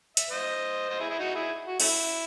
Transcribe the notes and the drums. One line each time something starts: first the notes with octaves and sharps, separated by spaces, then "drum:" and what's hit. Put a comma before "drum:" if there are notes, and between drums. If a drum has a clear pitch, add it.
E5, drum: hi-hat
C5 D#5
C5 D#5
E4 G#4
E4 G#4
D#4 F#4
E4 G#4
F#4
A3 C#4 E4, drum: cymbal